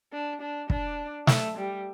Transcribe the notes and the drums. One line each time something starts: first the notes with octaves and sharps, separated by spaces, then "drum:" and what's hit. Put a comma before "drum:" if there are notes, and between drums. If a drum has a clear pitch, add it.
D4
D4
D4, drum: kick
A3, drum: snare
G3